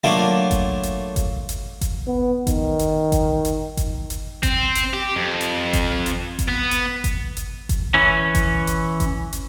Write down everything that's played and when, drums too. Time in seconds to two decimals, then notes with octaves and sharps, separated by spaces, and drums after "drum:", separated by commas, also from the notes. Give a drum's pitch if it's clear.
0.04 F#3 A3 A#3 D4 E4 F4
0.51 drum: kick G1, hi-hat
0.83 drum: hi-hat
1.16 drum: kick G1, hi-hat
1.49 drum: hi-hat
1.81 drum: kick G1, hi-hat
2.07 B3
2.47 D#3, drum: kick G1, hi-hat
2.79 drum: hi-hat
3.12 drum: kick G1, hi-hat
3.45 drum: hi-hat
3.77 drum: kick G1, hi-hat
4.10 drum: hi-hat
4.43 C4, drum: kick G1, hi-hat
4.75 drum: hi-hat
4.94 G4
5.16 F2
5.41 drum: hi-hat
5.73 drum: kick G1, hi-hat
6.06 drum: hi-hat
6.39 drum: kick G1, hi-hat
6.48 B3
6.71 drum: hi-hat
7.04 drum: kick G1, hi-hat
7.37 drum: hi-hat
7.69 drum: kick G1, hi-hat
7.94 E3 C#4
8.35 drum: kick G1, hi-hat
8.67 drum: hi-hat
9.00 drum: kick G1, hi-hat
9.33 drum: hi-hat